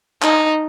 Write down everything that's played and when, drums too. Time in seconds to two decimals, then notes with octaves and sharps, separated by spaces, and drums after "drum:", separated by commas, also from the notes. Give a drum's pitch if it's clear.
0.22 D#4, drum: clap